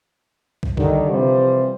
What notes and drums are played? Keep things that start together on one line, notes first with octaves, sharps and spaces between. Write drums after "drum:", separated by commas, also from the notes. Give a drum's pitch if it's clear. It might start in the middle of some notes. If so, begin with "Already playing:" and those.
drum: kick
D3 D#3 G3, drum: kick
C3 E3 F3 G3 C5